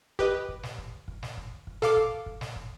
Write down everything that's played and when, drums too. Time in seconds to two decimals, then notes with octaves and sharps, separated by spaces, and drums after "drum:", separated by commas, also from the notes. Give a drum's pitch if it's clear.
0.19 G4 B4 D#5, drum: kick
0.49 drum: kick
0.63 drum: snare
0.78 drum: kick
1.08 drum: kick
1.23 drum: snare
1.37 drum: kick
1.67 drum: kick
1.82 A4 F5 D6, drum: snare
1.97 drum: kick
2.26 drum: kick
2.41 drum: snare
2.56 drum: kick